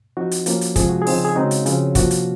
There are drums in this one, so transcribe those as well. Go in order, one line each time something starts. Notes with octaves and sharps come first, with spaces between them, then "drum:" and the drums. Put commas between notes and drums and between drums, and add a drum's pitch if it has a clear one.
F3 C4 D#4 F#4
drum: hi-hat
F3 A#3 C#4, drum: hi-hat
drum: hi-hat
C3 F3 G#3 C4 G#4, drum: kick, hi-hat
F#4
G#4
C#3 F3 C4 D#4, drum: open hi-hat
G#4
C#3 G#3 C4 D#4 F#4
drum: hi-hat
C#3 F3 C4, drum: hi-hat
C3 F3 A#3 C#4 F#4, drum: kick, hi-hat
drum: hi-hat